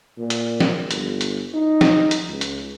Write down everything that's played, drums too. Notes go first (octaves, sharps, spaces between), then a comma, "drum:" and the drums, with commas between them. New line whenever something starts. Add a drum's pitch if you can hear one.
A#2
drum: hi-hat
drum: snare
G1, drum: hi-hat
drum: hi-hat
D#4
drum: snare
drum: hi-hat
C#2
drum: hi-hat